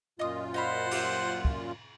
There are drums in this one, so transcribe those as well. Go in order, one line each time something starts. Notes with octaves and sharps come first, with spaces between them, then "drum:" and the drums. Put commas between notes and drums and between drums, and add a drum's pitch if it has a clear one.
F#2 A#2 F4 D#5 D#6
C5 D#5 F5 F#5 B5
G4 E5 E6, drum: cymbal
drum: kick